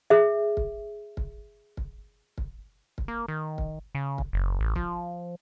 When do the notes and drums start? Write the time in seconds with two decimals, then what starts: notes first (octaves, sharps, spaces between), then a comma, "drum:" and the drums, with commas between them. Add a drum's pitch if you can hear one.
0.10 G#4 E5
0.57 drum: kick
1.17 drum: kick
1.77 drum: kick
2.38 drum: kick
2.98 drum: kick
3.08 A#3
3.28 D#3
3.58 drum: kick
3.95 C#3
4.18 drum: kick
4.33 F#1
4.60 A1
4.76 F3, drum: kick